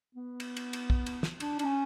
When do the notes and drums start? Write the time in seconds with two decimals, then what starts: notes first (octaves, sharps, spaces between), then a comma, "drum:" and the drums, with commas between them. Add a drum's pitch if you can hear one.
0.15 B3
0.40 drum: cymbal
0.57 drum: cymbal
0.73 drum: cymbal
0.90 drum: kick
1.06 drum: cymbal
1.23 drum: snare
1.40 D4, drum: cymbal
1.59 D4, drum: cymbal
1.65 C#4